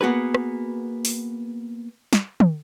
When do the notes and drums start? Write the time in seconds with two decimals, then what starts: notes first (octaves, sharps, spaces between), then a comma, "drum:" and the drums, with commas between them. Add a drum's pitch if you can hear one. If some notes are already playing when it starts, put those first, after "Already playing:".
0.01 A#3 B3 F#4 G#4 B4
0.34 drum: rim click
1.05 drum: open hi-hat
2.13 drum: snare
2.40 drum: tom